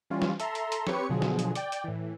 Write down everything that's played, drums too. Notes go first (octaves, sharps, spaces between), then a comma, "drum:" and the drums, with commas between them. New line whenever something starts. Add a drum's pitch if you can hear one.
E3 G3 C#4 F4
drum: snare
A4 E5 A#5 C6, drum: hi-hat
drum: hi-hat
drum: hi-hat
C4 G4 B4 C#5 C#6 C#7, drum: snare
B2 D3 F3 F#3 G#4
drum: snare
drum: hi-hat
D5 G5, drum: hi-hat
drum: hi-hat
A2 E3